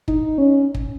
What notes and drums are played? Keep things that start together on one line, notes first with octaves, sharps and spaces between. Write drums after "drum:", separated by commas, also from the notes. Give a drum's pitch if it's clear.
D#4, drum: kick
C#4
drum: kick